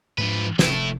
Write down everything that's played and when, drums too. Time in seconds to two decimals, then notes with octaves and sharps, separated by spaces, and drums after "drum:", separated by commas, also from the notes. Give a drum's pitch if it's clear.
0.18 G#2 F3 D4 B4
0.59 F1 A3 E4, drum: snare